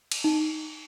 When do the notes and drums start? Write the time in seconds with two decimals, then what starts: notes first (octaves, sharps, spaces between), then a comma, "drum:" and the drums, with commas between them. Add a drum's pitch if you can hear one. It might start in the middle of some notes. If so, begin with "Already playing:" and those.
0.12 drum: cymbal
0.24 D#4